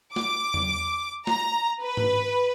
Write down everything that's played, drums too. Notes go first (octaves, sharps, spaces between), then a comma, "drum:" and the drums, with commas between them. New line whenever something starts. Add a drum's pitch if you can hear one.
D6, drum: snare
drum: tom E2
A#5, drum: snare
B4
drum: tom G#2